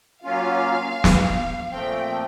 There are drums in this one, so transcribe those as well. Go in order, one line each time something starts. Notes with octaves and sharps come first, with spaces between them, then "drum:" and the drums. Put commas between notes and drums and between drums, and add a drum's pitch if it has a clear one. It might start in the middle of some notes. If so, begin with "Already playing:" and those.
F#3 A#3 C#4 F4 F5
drum: snare
A#2 F3 A3 C4 G5